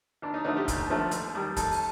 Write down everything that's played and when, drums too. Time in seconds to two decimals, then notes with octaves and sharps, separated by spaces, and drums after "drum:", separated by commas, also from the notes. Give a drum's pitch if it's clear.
0.22 D#2 D4
0.34 D#4
0.44 D3 F3 A3 D#4
0.57 G4
0.68 D#2, drum: kick, hi-hat
0.90 D3 F3 A3
1.11 D#2, drum: hi-hat
1.34 D#3 G3
1.56 D#2 A4, drum: kick, hi-hat
1.71 drum: open hi-hat